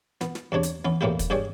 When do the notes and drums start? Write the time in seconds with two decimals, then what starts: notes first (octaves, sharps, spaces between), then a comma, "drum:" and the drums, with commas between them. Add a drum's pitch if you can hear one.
0.21 B3, drum: snare
0.35 drum: snare
0.52 E2 C3 D4 C#5
0.63 drum: hi-hat
0.85 E3 B3 C#4
1.01 E2 A2 A#3 E4 G4
1.19 drum: kick, hi-hat
1.30 G2 G4 G#4 C#5 D5